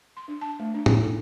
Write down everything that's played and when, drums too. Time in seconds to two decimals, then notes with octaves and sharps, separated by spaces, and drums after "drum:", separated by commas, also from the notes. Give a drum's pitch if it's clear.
0.17 C6
0.28 D4
0.41 A5
0.59 A3
0.74 D4
0.86 E4, drum: tom
1.01 A4